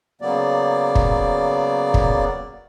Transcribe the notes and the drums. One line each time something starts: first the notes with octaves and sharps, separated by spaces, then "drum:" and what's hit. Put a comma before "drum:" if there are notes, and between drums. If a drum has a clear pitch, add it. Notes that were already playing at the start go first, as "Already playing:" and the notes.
C#3 F#3 A#3 B3 D5
drum: kick
drum: kick